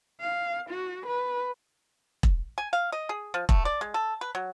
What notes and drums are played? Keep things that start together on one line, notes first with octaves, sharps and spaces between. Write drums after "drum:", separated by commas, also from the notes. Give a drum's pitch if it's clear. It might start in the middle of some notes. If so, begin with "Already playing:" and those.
F5
F#4
B4
drum: kick E1
G#5
F5
D#5
G#4
F3
A3, drum: kick E1
D5
G#3
A4
B4
F#3